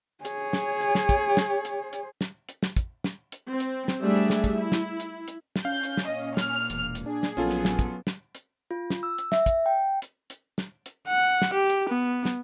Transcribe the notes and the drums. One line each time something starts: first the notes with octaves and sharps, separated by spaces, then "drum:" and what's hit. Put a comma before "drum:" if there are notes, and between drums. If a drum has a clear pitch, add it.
G#4 C#5, drum: hi-hat
drum: snare
drum: hi-hat
drum: snare
drum: kick, hi-hat
drum: snare
drum: hi-hat
drum: hi-hat
drum: snare
drum: hi-hat
drum: snare
drum: kick, hi-hat
drum: snare
drum: hi-hat
C4
drum: hi-hat
drum: snare
G3 A3 D4 G#4 E5
drum: hi-hat
drum: snare
drum: kick, hi-hat
E4
drum: snare
drum: hi-hat
drum: hi-hat
drum: snare
C#4 F5 G6
drum: hi-hat
drum: snare
A#2 D#5
F6, drum: snare
E1, drum: hi-hat
drum: hi-hat
D4 G#4
drum: snare
A#1 F#3 B3 C#4 F4 A4
drum: hi-hat
drum: snare
drum: kick, hi-hat
drum: snare
drum: hi-hat
F4
drum: snare
E6
drum: hi-hat
E5, drum: snare
drum: kick, hi-hat
G5
drum: hi-hat
drum: hi-hat
drum: snare
drum: hi-hat
F#5
drum: snare
G4
drum: hi-hat
B3
drum: snare